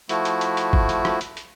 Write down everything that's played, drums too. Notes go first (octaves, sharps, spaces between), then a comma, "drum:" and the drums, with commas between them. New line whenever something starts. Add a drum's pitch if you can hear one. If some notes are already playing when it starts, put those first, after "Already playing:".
F3 A3 E4 F#4, drum: hi-hat
drum: hi-hat
drum: hi-hat
drum: hi-hat
drum: kick
drum: hi-hat
drum: rim click
drum: hi-hat
drum: hi-hat